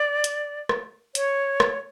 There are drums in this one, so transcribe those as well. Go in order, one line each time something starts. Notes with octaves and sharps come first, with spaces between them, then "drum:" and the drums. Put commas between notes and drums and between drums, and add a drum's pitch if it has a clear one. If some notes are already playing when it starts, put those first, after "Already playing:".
Already playing: D5
drum: hi-hat
drum: rim click
C#5, drum: hi-hat
drum: rim click